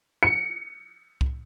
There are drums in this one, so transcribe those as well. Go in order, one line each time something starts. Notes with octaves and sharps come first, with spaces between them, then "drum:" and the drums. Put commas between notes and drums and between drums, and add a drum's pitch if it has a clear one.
C#7
drum: kick C2